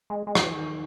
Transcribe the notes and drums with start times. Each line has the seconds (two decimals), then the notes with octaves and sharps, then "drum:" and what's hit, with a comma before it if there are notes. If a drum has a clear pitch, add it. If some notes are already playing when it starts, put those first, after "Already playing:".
0.10 G#3
0.27 G#3
0.35 F#3, drum: rim click
0.44 E3
0.53 D#3